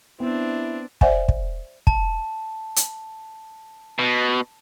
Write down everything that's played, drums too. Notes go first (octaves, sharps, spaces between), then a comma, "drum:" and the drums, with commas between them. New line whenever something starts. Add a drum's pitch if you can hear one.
B3 C4 D4 E4
C5 D5 E5 F#5 G#5, drum: kick
drum: kick
A5, drum: kick
drum: hi-hat
B2